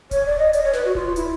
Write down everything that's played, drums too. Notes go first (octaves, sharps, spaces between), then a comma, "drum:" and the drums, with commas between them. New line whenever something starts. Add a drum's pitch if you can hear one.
C#5, drum: kick D1, hi-hat
D5
D#5
D5, drum: hi-hat
C#5
B4, drum: snare
F#4
F4, drum: kick D1
E4, drum: hi-hat